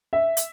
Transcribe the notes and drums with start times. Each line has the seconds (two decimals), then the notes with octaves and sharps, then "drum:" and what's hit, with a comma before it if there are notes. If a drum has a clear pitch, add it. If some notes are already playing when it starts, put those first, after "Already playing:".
0.13 E5
0.37 drum: hi-hat